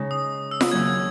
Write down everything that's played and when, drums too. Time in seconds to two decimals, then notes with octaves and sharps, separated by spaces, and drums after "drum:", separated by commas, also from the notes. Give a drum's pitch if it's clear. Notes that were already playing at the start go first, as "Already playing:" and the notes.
Already playing: C#3 G#3 D#4
0.11 D#6
0.51 E6
0.61 drum: snare F4
0.72 D#2 C#3 F#3 A#3 G#6